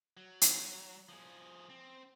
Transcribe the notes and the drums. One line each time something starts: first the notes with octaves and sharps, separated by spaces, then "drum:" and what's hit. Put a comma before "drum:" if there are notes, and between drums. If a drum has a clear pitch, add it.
F#3
drum: hi-hat
F3 G#4
C4